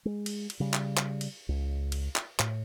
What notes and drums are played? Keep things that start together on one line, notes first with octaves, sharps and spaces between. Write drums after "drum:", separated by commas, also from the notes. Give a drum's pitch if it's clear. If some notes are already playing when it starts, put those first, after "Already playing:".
G#3
drum: cymbal
drum: cymbal
C#3 G3
drum: clap
drum: clap
drum: cymbal
C#2
drum: cymbal
drum: clap
A2, drum: clap